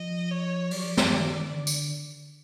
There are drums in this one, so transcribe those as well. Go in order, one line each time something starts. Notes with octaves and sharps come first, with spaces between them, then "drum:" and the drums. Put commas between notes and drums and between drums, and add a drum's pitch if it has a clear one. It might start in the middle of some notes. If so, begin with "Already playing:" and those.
Already playing: F3 D#5
C#5
F#3 D5, drum: open hi-hat
F3
F3, drum: snare
D#3
D3
drum: tambourine